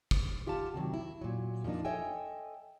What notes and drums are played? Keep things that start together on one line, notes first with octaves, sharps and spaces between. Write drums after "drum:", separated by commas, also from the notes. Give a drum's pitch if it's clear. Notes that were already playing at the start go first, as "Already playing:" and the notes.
drum: kick
F4 G4 F5 F#5 A5
C3 D#3 F#3
E4
A#2 F#3
F3 G3 A#3 D4 D#4
A4 C#5 D#5 E5 G5 G#5